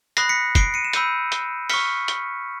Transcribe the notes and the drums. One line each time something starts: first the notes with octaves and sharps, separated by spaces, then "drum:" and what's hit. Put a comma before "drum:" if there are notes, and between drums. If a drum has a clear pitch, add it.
B5 D#6 F#6 A#6 C7, drum: hi-hat
B6 C#7
C7 D7, drum: kick, hi-hat
C#7 D#7
E7
B5 E6 G6 C#7 D#7, drum: hi-hat
drum: hi-hat
C#6 F6 B6 C#7, drum: open hi-hat
drum: hi-hat